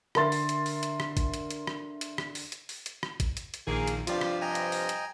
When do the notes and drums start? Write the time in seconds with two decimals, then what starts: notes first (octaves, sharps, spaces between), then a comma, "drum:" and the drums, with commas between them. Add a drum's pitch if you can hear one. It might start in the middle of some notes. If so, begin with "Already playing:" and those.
0.15 D3 A#4 E5 C6 A6, drum: rim click
0.32 drum: open hi-hat
0.49 drum: hi-hat
0.66 drum: open hi-hat
0.83 drum: hi-hat
1.00 drum: rim click
1.17 drum: kick G#1, hi-hat
1.34 drum: hi-hat
1.51 drum: hi-hat
1.67 drum: rim click
2.01 drum: hi-hat
2.18 drum: rim click
2.35 drum: open hi-hat
2.52 drum: hi-hat
2.69 drum: open hi-hat
2.86 drum: hi-hat
3.03 drum: rim click
3.20 drum: kick G#1, hi-hat
3.37 drum: hi-hat
3.54 drum: hi-hat
3.67 A#1 D#3 A#3 G#4
3.88 drum: hi-hat
4.07 G2 C3 F3 F4 D5, drum: hi-hat
4.21 drum: rim click
4.41 D#5 G5 G#5 A#5
4.55 drum: hi-hat
4.72 drum: open hi-hat
4.89 drum: hi-hat